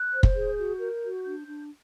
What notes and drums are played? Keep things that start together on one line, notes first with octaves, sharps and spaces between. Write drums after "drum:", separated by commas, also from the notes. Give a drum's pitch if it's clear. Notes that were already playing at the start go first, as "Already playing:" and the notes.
Already playing: F#6
C5
G6, drum: kick
G#4
F#4 G6
A#4
G6
F#4
D4 G6
D4